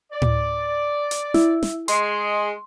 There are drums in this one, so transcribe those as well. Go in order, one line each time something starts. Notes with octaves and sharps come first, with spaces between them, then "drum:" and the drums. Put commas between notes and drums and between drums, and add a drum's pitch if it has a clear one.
D5
drum: tom A2
drum: hi-hat
E4, drum: snare
drum: snare
G#3 G#4 C6, drum: hi-hat